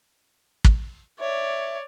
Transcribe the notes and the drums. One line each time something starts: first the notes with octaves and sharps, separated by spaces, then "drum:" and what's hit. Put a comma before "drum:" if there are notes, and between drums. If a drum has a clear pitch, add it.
drum: kick
C#5 D5 E5